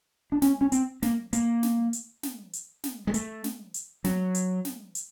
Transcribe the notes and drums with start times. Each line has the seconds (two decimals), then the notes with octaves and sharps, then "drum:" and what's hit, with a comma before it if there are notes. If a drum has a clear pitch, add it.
0.32 D4
0.42 C#4, drum: snare
0.61 C#4
0.72 C4, drum: hi-hat
1.02 A#3, drum: snare
1.33 A#3, drum: hi-hat
1.63 drum: snare
1.93 drum: hi-hat
2.23 drum: snare
2.53 drum: hi-hat
2.84 drum: snare
3.07 G#3
3.14 A3, drum: hi-hat
3.44 drum: snare
3.74 drum: hi-hat
4.04 F#3, drum: snare
4.35 drum: hi-hat
4.65 drum: snare
4.95 drum: hi-hat